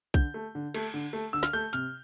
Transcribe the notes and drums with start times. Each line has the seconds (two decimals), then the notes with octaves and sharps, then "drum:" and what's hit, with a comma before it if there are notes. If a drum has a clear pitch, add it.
0.14 D3 G6, drum: kick B1
0.34 A3
0.55 D3
0.74 A3, drum: cymbal
0.94 D3
1.13 A3
1.33 D3 E6
1.43 F6, drum: snare
1.53 A3 G6
1.73 C3 F6, drum: hi-hat